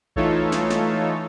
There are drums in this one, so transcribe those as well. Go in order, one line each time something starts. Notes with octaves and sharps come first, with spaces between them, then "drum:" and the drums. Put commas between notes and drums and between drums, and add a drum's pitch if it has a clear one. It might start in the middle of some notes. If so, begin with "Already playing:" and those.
E3 A3 D#4 F4 A4 C#5, drum: kick A#1
drum: snare
drum: snare